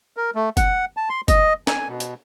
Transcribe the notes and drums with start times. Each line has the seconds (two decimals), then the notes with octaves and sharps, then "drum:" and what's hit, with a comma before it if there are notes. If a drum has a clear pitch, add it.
0.17 A#4
0.35 A3
0.57 F#5, drum: kick, hi-hat
0.97 A5
1.09 C6
1.28 D#5, drum: kick, hi-hat
1.67 G#5, drum: snare
1.88 B2
2.00 drum: hi-hat